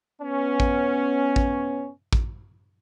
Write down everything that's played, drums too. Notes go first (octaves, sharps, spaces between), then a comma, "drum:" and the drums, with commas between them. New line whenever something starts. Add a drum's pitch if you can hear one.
B3 C#4
drum: kick A1
drum: kick A1
drum: kick A1